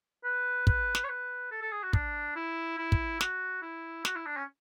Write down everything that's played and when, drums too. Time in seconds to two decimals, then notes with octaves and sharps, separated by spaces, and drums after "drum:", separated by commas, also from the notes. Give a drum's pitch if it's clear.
0.24 B4
0.67 B4, drum: kick
0.95 drum: snare
1.04 C#5
1.09 B4
1.51 A4
1.62 A4
1.72 G#4
1.83 F#4
1.93 D4, drum: kick
2.36 E4
2.78 E4
2.92 drum: kick
3.21 F#4, drum: snare
3.62 E4
4.05 F#4, drum: snare
4.16 E4
4.26 D4
4.37 C#4